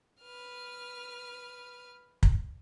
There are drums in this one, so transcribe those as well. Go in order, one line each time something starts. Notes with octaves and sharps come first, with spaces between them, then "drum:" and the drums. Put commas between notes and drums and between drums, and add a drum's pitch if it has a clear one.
B4 F6
drum: kick